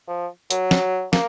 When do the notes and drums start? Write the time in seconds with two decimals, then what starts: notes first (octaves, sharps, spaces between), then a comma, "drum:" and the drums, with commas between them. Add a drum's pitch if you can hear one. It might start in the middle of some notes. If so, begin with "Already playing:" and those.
0.08 F3
0.51 F#3, drum: hi-hat
0.71 drum: snare
1.13 A#3, drum: snare